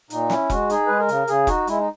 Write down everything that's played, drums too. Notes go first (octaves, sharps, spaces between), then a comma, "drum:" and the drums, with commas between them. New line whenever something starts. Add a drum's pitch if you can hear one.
A#2 D#4, drum: hi-hat
C#4 E4, drum: snare
G#3 F#4, drum: kick F1, hi-hat
D#4 G#4, drum: hi-hat
G#3 B4
A#4
C#3, drum: hi-hat
C#3 G#4, drum: hi-hat
D#4 F#4, drum: kick F1, hi-hat
G#3 E4, drum: hi-hat
D#4